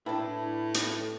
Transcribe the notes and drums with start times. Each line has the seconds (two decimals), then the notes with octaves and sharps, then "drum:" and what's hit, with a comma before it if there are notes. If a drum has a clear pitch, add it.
0.06 A2 D4 E4 B4 G5 A5
0.74 drum: hi-hat